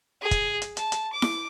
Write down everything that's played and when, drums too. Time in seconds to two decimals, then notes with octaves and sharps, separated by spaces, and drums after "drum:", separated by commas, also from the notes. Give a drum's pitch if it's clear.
0.22 G#4
0.31 drum: kick, hi-hat
0.62 drum: hi-hat
0.77 A5, drum: hi-hat
0.92 drum: hi-hat
1.13 D6
1.22 drum: snare E4